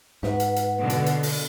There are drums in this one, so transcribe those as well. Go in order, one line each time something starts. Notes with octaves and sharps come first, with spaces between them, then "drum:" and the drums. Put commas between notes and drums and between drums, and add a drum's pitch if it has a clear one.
G#2 B4 F#5, drum: snare
drum: hi-hat
drum: hi-hat
B2 D3
drum: hi-hat
drum: hi-hat
drum: open hi-hat